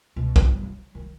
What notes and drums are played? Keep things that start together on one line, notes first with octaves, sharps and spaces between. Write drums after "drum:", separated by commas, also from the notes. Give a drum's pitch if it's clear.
C#2 B2
C#4, drum: kick
G1 F#2
F#3 D#4
D#3 F#3